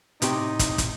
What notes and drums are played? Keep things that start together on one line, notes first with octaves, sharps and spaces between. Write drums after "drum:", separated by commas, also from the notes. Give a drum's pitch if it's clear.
A2 C3 D#4 G4, drum: hi-hat
drum: kick, hi-hat
drum: kick, hi-hat